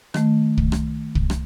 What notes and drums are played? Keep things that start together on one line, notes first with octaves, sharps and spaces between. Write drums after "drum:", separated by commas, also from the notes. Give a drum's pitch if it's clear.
D#3 A3, drum: rim click
drum: kick
drum: rim click
drum: kick
drum: rim click